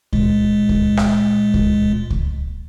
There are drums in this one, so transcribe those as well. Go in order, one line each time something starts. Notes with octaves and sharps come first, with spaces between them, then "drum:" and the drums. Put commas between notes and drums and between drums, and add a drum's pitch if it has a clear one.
A#2 G#3, drum: kick C#2
drum: kick C#2
drum: rim click
drum: kick C#2
drum: kick C#2